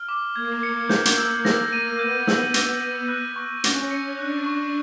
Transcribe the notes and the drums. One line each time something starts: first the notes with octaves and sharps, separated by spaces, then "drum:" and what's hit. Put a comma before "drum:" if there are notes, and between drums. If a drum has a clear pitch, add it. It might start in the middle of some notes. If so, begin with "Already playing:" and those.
Already playing: F6
D6
A#3 G#6
C#7
A#3 G6, drum: snare
drum: hi-hat
E6
A#6, drum: snare
D#7
B3 G6
E6, drum: snare
A#6, drum: hi-hat
D#7
F#6
C#6
C#4 A#6, drum: hi-hat
C#7
D4 F#6
C#6